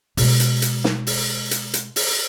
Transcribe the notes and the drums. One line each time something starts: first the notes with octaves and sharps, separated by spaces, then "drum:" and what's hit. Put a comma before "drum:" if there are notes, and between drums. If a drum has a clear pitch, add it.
B2 G#3, drum: open hi-hat
drum: hi-hat
drum: hi-hat
drum: snare
drum: open hi-hat
drum: hi-hat
drum: hi-hat
drum: open hi-hat